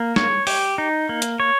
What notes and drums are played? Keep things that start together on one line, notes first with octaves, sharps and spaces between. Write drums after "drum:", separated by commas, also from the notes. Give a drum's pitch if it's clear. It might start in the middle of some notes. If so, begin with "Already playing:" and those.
Already playing: A#3
C#5, drum: snare
G4, drum: open hi-hat
D#4
A#3
drum: hi-hat
C#5